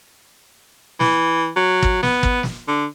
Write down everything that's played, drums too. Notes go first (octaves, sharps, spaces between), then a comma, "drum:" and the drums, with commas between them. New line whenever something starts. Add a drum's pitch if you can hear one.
E3, drum: snare
F#3
drum: kick
B3, drum: snare
drum: kick
drum: snare
D3